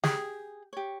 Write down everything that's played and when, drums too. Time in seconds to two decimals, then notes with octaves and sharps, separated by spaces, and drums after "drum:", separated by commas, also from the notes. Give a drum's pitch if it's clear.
0.04 G4 G#4, drum: snare
0.73 G4 C#5